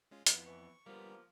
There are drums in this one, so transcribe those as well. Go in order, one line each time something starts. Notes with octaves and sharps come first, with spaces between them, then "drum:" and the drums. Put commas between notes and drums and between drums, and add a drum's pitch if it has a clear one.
G#3 C#4 F4
F2 B3 E4 F4, drum: hi-hat
E3 C#6
F3 G3 A#3 B3 A#4